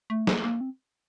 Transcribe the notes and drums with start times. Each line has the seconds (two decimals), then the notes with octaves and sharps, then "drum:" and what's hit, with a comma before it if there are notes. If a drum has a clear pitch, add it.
0.10 A3
0.27 A#3, drum: snare
0.44 A#3
0.61 C4